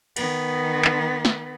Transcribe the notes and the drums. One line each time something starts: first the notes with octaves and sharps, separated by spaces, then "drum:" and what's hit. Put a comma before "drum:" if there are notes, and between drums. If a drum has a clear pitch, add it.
D#3 B3, drum: cymbal
drum: clap
drum: snare